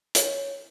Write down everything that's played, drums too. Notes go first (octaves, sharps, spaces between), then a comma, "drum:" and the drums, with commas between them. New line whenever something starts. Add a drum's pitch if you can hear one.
C#5, drum: hi-hat